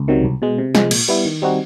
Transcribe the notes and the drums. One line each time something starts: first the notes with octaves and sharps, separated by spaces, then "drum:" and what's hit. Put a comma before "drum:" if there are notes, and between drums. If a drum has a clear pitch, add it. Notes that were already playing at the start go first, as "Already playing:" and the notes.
Already playing: C#2
C3 D#3 F#3
C2
B2 G#3
C3
F3 G#3, drum: snare
A#2, drum: cymbal
G3 B3 E4
D#3
G3 C4 D#4 F#4